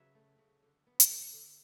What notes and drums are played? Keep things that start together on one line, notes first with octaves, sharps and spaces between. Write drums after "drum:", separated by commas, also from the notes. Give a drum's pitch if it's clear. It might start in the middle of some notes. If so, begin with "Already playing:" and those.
Already playing: C#3 F#3 B4 C#5 E5
A3
C#3
D3
B3
drum: hi-hat
D3
D3